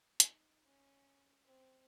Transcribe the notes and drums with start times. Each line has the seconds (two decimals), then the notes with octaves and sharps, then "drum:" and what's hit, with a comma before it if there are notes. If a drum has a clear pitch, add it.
0.20 D#4, drum: hi-hat
0.65 C#4
1.45 C4